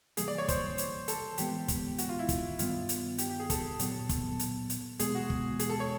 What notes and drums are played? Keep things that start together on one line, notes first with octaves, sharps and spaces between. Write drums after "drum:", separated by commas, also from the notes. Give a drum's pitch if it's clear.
C3 E3 G3 A#3 G#4, drum: hi-hat
D5
C#5
C5, drum: kick, hi-hat
drum: hi-hat
A4, drum: hi-hat
A2 E3 G#3 B3 G4, drum: hi-hat
drum: kick, hi-hat
F#4, drum: hi-hat
F4
E4
drum: kick, hi-hat
G2 D#3 G3 B3 F4, drum: hi-hat
drum: hi-hat
G4, drum: hi-hat
G4
G#4
A4, drum: kick, hi-hat
A#2 F#3 B3, drum: hi-hat
drum: kick, hi-hat
drum: hi-hat
drum: hi-hat
E2 B2 G#3 B3 G#4, drum: hi-hat
F#4
drum: kick
G#4, drum: hi-hat
A4
C#5